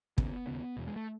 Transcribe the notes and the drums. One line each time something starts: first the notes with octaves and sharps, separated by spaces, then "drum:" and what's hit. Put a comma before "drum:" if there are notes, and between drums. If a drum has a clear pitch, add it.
D#2 C#3 B3, drum: kick
D#2 C#3 B3
E2 B2
G#3
A3